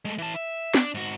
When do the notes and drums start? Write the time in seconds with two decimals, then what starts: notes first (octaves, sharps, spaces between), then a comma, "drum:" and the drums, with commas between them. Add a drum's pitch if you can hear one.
0.05 G#3 A3
0.18 E3 A5
0.36 E5
0.74 D4, drum: snare
0.94 G#2 F#4